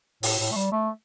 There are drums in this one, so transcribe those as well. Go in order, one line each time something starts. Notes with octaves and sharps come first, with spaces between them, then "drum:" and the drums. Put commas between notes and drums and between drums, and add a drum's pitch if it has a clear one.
A2, drum: open hi-hat
A2
A3
G3
A3